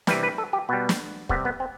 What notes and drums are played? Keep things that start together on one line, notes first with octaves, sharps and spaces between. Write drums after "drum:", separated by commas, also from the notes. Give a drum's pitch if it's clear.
C3 E3 G3 B4, drum: snare
B4
A4
G4
B2 G3 B3
drum: snare
C3 G3 B3, drum: kick
B3
C4